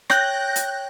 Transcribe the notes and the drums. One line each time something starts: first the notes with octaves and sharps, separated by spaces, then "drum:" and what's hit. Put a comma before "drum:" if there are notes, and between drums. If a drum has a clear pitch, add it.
C#5 G5 F#6 G6 A#6, drum: rim click
drum: hi-hat